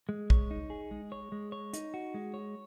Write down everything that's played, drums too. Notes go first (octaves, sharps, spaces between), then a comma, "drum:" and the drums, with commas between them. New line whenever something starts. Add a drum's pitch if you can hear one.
G#3
C#5, drum: kick A#1
D#4
G#4
G#3
C#5
G#3
C#5
D#4, drum: hi-hat
F#4
G#3
C#5